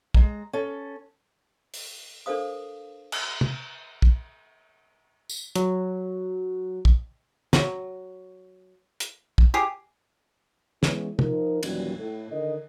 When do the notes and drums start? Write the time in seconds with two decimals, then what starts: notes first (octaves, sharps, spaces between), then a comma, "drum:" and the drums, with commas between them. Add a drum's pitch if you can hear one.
0.14 G#3 A#5, drum: kick
0.53 C#4 A4
1.74 drum: open hi-hat
2.26 D4 A4 A#4 C5 F5 D#6
3.12 drum: cymbal
3.41 drum: tom
4.02 drum: kick
5.29 drum: tambourine
5.55 F#3, drum: hi-hat
6.85 drum: kick
7.53 F#3, drum: snare
9.00 drum: hi-hat
9.38 drum: kick
9.54 G4 G#4
10.83 E3 G#3 B3 C#4, drum: snare
11.19 F3 D#4 A#4, drum: tom
11.63 D#2 A#2 E3 F#3 G3 C#4, drum: cymbal
11.97 A2
12.31 D3 D#3 A#4 D#5